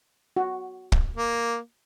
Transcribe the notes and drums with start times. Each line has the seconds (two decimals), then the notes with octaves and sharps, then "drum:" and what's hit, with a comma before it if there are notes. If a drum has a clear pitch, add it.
0.37 F#4
0.92 drum: kick
1.17 A#3